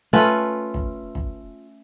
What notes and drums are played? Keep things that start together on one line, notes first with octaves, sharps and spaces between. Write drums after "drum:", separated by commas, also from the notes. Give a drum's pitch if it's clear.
A3 C#4 F4 B4
drum: kick
drum: kick